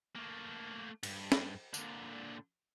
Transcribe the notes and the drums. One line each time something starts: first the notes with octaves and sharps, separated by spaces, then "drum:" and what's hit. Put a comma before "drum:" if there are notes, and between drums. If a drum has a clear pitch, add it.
A3 A#3
G2, drum: cymbal
drum: snare
A#2 D3, drum: tambourine